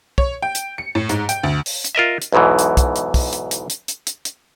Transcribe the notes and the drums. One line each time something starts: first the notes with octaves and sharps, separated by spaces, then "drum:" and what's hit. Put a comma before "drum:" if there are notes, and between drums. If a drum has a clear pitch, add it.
C#5, drum: kick
G5
drum: hi-hat
C#7
A2
G#2, drum: hi-hat
G5, drum: hi-hat
D2
drum: open hi-hat
drum: hi-hat
F4 A#4 D#5 E5
drum: hi-hat
B1 E2 G#2 B2 E3
drum: hi-hat
drum: kick, hi-hat
drum: hi-hat
drum: kick, open hi-hat
drum: hi-hat
drum: hi-hat
drum: hi-hat
drum: hi-hat
drum: hi-hat
drum: hi-hat